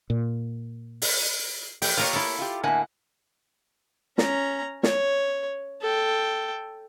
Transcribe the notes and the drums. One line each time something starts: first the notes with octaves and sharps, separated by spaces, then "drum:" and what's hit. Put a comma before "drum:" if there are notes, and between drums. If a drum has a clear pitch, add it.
A#2
drum: open hi-hat
E3 A3 G4 G5, drum: open hi-hat
A#3 F4 G4 A#4 C#5 D#5
E4 A4
F4 G4
A2 D3 A#3 E5 F#5 G#5
C#4 A#5, drum: snare
C#5, drum: snare
A4 G5